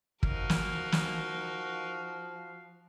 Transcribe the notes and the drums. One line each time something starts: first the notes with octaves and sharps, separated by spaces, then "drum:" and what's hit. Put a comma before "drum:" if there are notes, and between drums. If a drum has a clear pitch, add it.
F3 D#4 F#4 A#4 F5, drum: kick
drum: snare
drum: snare